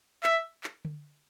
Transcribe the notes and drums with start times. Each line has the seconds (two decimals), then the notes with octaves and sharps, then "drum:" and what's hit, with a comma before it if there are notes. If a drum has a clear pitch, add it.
0.23 E5, drum: clap
0.64 drum: clap
0.85 drum: tom D3